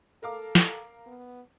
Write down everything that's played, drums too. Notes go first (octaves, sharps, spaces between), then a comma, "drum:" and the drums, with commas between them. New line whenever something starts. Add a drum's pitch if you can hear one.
A4 A#4 F5 D6
drum: snare
B3